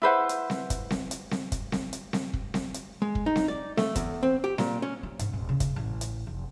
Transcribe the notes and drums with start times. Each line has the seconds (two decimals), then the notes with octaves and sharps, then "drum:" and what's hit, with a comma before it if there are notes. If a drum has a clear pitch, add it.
0.02 E4 B4 C5 F#5
0.29 drum: hi-hat
0.50 drum: snare C4
0.70 drum: kick, hi-hat
0.91 drum: snare C4
1.11 drum: hi-hat
1.31 drum: snare C4
1.52 drum: kick, hi-hat
1.72 drum: snare C4
1.93 drum: hi-hat
2.13 drum: snare C4
2.33 drum: kick
2.54 drum: snare C4
2.74 drum: hi-hat
3.02 G#3
3.15 drum: kick
3.26 D#4
3.36 drum: snare C4
3.48 D5
3.77 A3, drum: snare C4
3.95 E2, drum: kick, hi-hat
4.23 C4
4.44 G4
4.58 A#2, drum: snare C4
4.82 C#4
5.03 F4
5.19 G#2, drum: hi-hat
5.33 D#1
5.49 C#3
5.60 drum: kick, hi-hat
5.76 A1
6.01 drum: hi-hat
6.27 F1